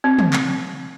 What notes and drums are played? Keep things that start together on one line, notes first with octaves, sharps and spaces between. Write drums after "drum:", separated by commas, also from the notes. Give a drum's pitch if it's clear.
C4
drum: tom
drum: clap